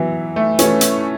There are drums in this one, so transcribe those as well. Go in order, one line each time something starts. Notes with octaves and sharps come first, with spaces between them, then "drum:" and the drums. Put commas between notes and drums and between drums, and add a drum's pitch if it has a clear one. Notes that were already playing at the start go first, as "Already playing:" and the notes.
Already playing: E3 F#3 B3 E4
A3
E3 A3 C#4 E4, drum: hi-hat
drum: hi-hat